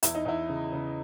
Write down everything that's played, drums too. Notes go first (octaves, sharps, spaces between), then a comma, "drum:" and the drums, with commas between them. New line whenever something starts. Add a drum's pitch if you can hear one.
E2 E4, drum: hi-hat
D#4
E2 E4
C#3
C#3